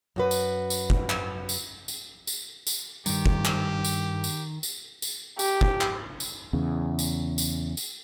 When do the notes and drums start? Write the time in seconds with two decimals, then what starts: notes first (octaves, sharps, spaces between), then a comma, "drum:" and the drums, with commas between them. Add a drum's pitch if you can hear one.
0.16 F#2 F#4 B4
0.31 drum: tambourine
0.70 drum: tambourine
0.90 drum: kick
1.10 drum: clap
1.49 drum: tambourine
1.88 drum: tambourine
2.27 drum: tambourine
2.67 drum: tambourine
3.06 G2 D#3 G3 G4, drum: tambourine
3.26 drum: kick
3.45 drum: clap
3.84 drum: tambourine
4.24 drum: tambourine
4.63 drum: tambourine
5.02 drum: tambourine
5.39 G4, drum: tambourine
5.61 drum: kick
5.81 drum: clap
6.20 drum: tambourine
6.53 E2 C#3
6.99 drum: tambourine
7.38 drum: tambourine
7.77 drum: tambourine